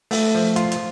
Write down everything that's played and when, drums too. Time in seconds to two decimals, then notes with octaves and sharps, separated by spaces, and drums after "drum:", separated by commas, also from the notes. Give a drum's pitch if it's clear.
0.11 A3, drum: open hi-hat
0.35 F3
0.56 F4, drum: hi-hat
0.72 drum: hi-hat